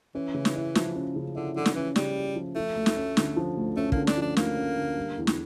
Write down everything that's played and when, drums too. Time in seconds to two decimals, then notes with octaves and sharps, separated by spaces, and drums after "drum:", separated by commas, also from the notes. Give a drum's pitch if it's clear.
0.15 E3 C#4
0.34 C#3
0.45 drum: snare
0.55 E4
0.75 F3, drum: snare
0.95 C#4
1.16 C#3
1.35 D3 E4
1.56 D3 F3
1.66 drum: snare
1.76 E3 C#4
1.96 C#3 G3, drum: snare
2.15 E4
2.36 F3
2.56 F3 A3
2.76 D2
2.86 drum: snare
2.96 C#4
3.17 D3, drum: snare
3.36 F3
3.57 D2
3.77 A3 C#4
3.92 D3 A#3, drum: kick
4.07 D4, drum: snare
4.17 F3 D4
4.37 D2 A#3, drum: snare
4.57 C#4
4.77 D3
4.97 G3
5.18 E2
5.27 drum: snare